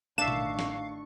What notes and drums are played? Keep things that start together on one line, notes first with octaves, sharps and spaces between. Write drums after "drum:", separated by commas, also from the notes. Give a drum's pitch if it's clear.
A1 D#3 D4 E5 F5 C#6 E7
drum: tom B2
drum: snare